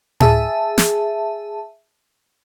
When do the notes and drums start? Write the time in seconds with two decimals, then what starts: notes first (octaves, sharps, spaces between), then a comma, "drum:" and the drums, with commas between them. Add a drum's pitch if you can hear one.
0.20 G#4 E5 A5, drum: tom A2
0.78 drum: snare